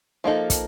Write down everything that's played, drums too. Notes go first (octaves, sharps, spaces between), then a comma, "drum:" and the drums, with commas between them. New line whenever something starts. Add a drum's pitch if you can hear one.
F3 A#3 D#4 A4
drum: kick, hi-hat